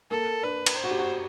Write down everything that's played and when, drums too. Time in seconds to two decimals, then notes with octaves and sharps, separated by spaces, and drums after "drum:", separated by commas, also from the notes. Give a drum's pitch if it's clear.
0.11 A#3 A4
0.43 D4 B4
0.66 drum: cymbal
0.76 C5
0.84 F#4
0.91 G4
0.99 F#4